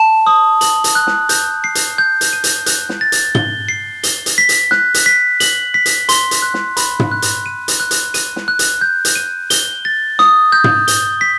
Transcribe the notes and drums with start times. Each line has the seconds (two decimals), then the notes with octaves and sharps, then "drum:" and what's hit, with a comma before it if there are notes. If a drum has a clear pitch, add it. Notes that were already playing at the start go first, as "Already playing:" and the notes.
Already playing: A5
0.27 D#6
0.61 F#7, drum: hi-hat
0.84 drum: hi-hat
0.95 F#6
1.07 drum: snare
1.29 G6, drum: hi-hat
1.64 C7
1.75 drum: hi-hat
1.98 G6
2.21 drum: hi-hat
2.33 D#7
2.44 drum: hi-hat
2.66 F#6, drum: hi-hat
2.89 drum: snare
3.01 A6
3.12 drum: hi-hat
3.35 G7, drum: tom
3.69 C7
4.03 G7, drum: hi-hat
4.26 drum: hi-hat
4.38 B6
4.49 drum: hi-hat
4.71 F#6, drum: snare
4.94 drum: hi-hat
5.06 B6
5.40 F#7, drum: hi-hat
5.74 B6
5.86 drum: hi-hat
6.09 C6, drum: hi-hat
6.31 drum: hi-hat
6.42 F#6
6.54 drum: snare
6.77 B5, drum: hi-hat
7.00 drum: tom
7.12 F#6
7.22 drum: hi-hat
7.46 D#7
7.68 drum: hi-hat
7.80 F#6
7.91 drum: hi-hat
8.14 D#7, drum: hi-hat
8.36 drum: snare
8.48 F#6
8.59 drum: hi-hat
8.81 G6
9.05 drum: hi-hat
9.16 D#7
9.50 G7, drum: hi-hat
9.85 A6
10.19 D#6, drum: snare
10.52 G6
10.64 drum: tom
10.88 G7, drum: hi-hat
11.21 B6